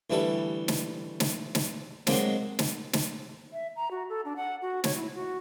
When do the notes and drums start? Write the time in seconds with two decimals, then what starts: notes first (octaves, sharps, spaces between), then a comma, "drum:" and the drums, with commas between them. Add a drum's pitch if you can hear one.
0.10 D2 E3 G3 A4
0.68 drum: snare
1.20 drum: snare
1.55 drum: snare
2.07 F#3 G#3 A#3 C4, drum: snare
2.59 drum: snare
2.93 drum: snare
3.53 E5
3.76 A#5
3.91 F#4
4.10 A4
4.25 D4
4.36 F#5
4.62 F#4
4.84 C#5, drum: snare
4.96 E4
5.15 F#4